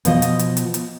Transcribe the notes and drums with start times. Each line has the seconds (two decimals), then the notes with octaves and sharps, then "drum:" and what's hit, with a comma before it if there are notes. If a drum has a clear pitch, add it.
0.05 B2 F3 D#5, drum: hi-hat
0.22 drum: hi-hat
0.39 drum: hi-hat
0.57 drum: hi-hat
0.74 drum: hi-hat